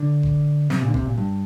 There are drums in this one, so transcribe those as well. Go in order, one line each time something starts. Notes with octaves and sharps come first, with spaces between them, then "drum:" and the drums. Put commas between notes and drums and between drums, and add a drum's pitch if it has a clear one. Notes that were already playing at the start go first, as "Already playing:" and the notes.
Already playing: D3
drum: kick F#1
C3, drum: snare
A#2
D3
C3, drum: kick F#1
A#2
G2